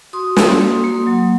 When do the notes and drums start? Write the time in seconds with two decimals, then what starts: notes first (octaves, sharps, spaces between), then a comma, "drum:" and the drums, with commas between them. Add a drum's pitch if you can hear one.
0.13 F#4 C6 D#6
0.36 A#3, drum: snare
0.60 A#3
0.84 A#3
1.07 F#3